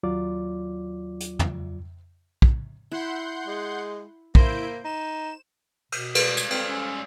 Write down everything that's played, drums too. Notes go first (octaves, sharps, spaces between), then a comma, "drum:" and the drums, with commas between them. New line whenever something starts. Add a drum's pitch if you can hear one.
D#2 F#3 F4 D5 D6
drum: hi-hat
drum: tom
drum: kick
E4 F#5 C6 G6
G#3
A#3 E4 C5 G6 D7, drum: kick
D#4 E7
B2, drum: cymbal
G3 G#3, drum: cymbal
G#6, drum: tambourine
C4 A4 C5 F6, drum: cymbal
C#4 C#5 D5 E6